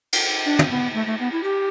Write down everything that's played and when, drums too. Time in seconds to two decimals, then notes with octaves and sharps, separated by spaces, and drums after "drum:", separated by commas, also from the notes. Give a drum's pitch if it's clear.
0.12 drum: cymbal
0.46 D4
0.59 drum: tom
0.71 B3
0.94 A3
1.06 A3
1.20 B3
1.32 E4
1.43 G4